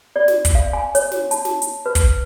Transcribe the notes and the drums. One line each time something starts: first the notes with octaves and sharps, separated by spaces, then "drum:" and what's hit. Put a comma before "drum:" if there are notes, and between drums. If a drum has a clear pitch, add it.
D5
drum: snare
drum: kick, hi-hat
F5
G#5
C#5, drum: hi-hat
drum: snare
A5, drum: hi-hat
drum: snare
drum: hi-hat
B4
drum: kick, hi-hat